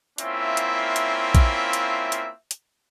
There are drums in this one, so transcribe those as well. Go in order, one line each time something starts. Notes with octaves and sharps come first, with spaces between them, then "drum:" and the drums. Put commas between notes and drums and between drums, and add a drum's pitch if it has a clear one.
A#3 C4 C#4 E4 F4 E5, drum: hi-hat
drum: hi-hat
drum: hi-hat
drum: kick A#1, hi-hat
drum: hi-hat
drum: hi-hat
drum: hi-hat